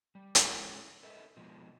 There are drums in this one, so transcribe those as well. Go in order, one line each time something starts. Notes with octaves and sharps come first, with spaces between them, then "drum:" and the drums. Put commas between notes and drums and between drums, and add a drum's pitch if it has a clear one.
G3
G#3 C#4 E4 F4 A4 C#5, drum: hi-hat
A4 B4 D#5 E5
B2 F3 G#3